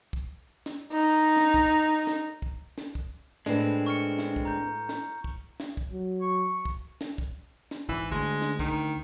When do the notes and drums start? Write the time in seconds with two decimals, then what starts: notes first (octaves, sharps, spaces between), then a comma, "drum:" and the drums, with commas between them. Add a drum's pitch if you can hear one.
0.13 drum: kick
0.66 drum: snare
0.93 D#4
1.37 drum: snare
1.54 drum: kick
2.07 drum: snare
2.42 drum: kick
2.78 drum: snare
2.95 drum: kick
3.46 A2 G#3 C4 D4 B4, drum: snare
3.86 C#6 F6 C#7
4.19 drum: snare
4.36 drum: kick
4.45 A#5 G6
4.89 drum: snare
5.24 drum: kick
5.60 drum: snare
5.77 drum: kick
5.92 F#3
6.21 C#6
6.65 drum: kick
7.01 drum: snare
7.18 drum: kick
7.71 drum: snare
7.89 G#1 E3
8.11 D2 G#3
8.42 drum: snare
8.59 D#3, drum: kick